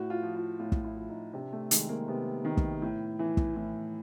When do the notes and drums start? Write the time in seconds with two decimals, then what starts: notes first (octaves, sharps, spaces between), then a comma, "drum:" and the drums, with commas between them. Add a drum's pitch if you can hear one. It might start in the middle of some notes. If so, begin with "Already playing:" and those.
Already playing: A2 F#4
0.10 F4
0.22 F3
0.35 F4
0.60 A2 F4
0.72 drum: kick
0.85 E4
0.96 F3
1.09 D#4
1.33 C3 D4
1.53 A3
1.71 D#3 G#3, drum: hi-hat
1.89 A#3
2.08 C3 B3
2.45 D#3
2.57 drum: kick
2.82 A2
3.19 E3
3.37 drum: kick
3.56 A2